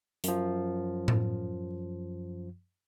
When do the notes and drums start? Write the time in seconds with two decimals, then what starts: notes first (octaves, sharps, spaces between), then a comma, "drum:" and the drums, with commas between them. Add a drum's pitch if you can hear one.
0.24 F#2 F3, drum: hi-hat
1.08 drum: tom A2